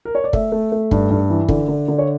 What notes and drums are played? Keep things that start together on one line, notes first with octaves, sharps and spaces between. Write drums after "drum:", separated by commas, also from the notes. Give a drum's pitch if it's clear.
A#4
C#5
D5
A3 E5, drum: kick
A3
A3
G2, drum: kick
G2
E3
D3, drum: kick
D3
D3
C#5